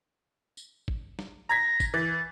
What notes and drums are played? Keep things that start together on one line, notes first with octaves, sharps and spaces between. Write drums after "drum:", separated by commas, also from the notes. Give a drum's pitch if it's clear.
drum: tambourine
drum: kick
drum: snare
A#5 G#6 A#6 B6
drum: kick, tambourine
E3 A6